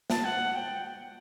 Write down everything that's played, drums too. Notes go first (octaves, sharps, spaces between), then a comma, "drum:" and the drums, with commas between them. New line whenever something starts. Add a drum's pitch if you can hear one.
A5, drum: snare
F#5
G5